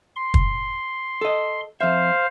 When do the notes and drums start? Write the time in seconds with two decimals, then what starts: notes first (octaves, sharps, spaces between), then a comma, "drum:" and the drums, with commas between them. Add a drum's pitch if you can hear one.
0.16 C6
0.34 drum: kick
1.21 A4 D#5
1.81 F2 C5 E5 F5